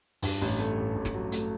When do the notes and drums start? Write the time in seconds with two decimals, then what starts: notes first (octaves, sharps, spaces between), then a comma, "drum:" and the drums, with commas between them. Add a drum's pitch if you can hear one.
0.22 G2, drum: open hi-hat
0.41 A1
0.60 A3
0.78 A1
0.96 A1
1.05 drum: snare
1.15 F#3
1.32 A3, drum: hi-hat